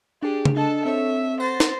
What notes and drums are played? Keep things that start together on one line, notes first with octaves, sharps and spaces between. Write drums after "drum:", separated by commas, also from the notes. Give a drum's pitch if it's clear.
D4 G4 G#4
drum: tom C#3
D4 A4 D#5 A5
C4 A4 C#5 E5
C5 F#5 A6 A#6
drum: snare